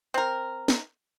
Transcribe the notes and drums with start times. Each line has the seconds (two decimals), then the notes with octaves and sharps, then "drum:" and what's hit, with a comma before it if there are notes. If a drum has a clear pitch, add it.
0.14 C4 A#4
0.68 drum: snare